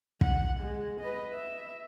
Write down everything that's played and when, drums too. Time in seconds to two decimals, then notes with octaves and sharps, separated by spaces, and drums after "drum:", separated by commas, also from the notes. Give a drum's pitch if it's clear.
0.21 F#5, drum: kick
0.60 G#3
1.00 B4 D#5
1.33 E5